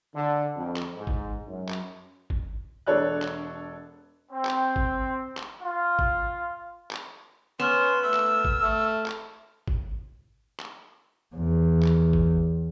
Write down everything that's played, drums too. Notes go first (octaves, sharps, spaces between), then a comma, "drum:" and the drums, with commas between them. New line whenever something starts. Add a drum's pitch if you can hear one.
D3
F2
drum: clap
G#2
drum: kick
F#2
drum: clap
drum: kick
E1 D4 A4 C#5 D5 F#6
drum: clap
C4
drum: clap
drum: kick
drum: clap
F4
drum: kick
drum: clap
B3 C#4 C6 F6 E7
A3 E6
drum: clap
drum: kick
A3
drum: clap
drum: kick
drum: clap
E2
drum: clap
drum: kick